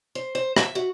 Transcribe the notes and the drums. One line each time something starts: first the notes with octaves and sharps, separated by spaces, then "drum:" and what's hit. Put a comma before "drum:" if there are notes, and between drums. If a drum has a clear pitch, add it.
C5
C5
E5, drum: rim click
F#4